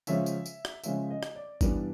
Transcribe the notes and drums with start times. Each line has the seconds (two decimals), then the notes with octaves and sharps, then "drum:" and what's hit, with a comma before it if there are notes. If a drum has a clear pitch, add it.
0.07 C#3 F3 G#3 C#4 E5, drum: tambourine
0.26 drum: tambourine
0.46 drum: tambourine
0.65 drum: rim click
0.84 C#3 F3 G#3 C#4 E5, drum: tambourine
1.10 D#5
1.23 drum: rim click
1.35 D5
1.61 G2 E3 G3 B3 D4, drum: kick G#1, tambourine